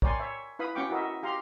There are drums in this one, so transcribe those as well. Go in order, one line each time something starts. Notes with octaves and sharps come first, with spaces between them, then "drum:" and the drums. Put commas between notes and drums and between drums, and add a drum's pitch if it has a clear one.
A#4 C#5 D5 G5 G#5 C6, drum: kick A#1
C#5 E5
E4 B4 F5 B5 D#6
C#4 F#4 F5 G5 C#6 D6
E4 F#4 A#4 D#5 E5
G4 F5 A#5 C6